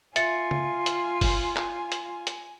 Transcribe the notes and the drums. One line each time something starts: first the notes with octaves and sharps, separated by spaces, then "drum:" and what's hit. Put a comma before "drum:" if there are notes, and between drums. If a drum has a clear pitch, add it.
F4 E5 G#5 A6 C#7, drum: hi-hat
drum: tom C#3
drum: hi-hat
drum: kick F#1, open hi-hat
drum: clap
drum: hi-hat
drum: hi-hat